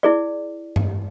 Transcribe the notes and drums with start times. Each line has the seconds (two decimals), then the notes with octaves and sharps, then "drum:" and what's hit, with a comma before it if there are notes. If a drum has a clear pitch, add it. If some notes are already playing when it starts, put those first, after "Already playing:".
0.03 E4 G#4 D5
0.76 drum: tom G2